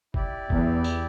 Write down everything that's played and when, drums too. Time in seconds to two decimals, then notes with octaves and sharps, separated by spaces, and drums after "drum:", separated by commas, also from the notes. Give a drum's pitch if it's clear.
0.14 E4 G4 D5, drum: kick
0.50 E2, drum: kick
0.84 drum: tambourine